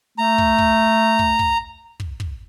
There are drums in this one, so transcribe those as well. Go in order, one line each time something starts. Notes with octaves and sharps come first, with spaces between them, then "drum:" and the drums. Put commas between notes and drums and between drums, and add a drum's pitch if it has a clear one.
A3 A#5
drum: kick
drum: kick
drum: kick
drum: kick
drum: kick
drum: kick